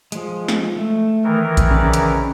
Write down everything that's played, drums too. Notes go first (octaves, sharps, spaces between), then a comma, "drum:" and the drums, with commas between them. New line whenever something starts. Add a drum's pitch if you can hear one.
F3 G#3, drum: hi-hat
drum: snare
A3
D#3 E3 A#4
drum: kick A#1, hi-hat
C#3 C#4 D5
drum: hi-hat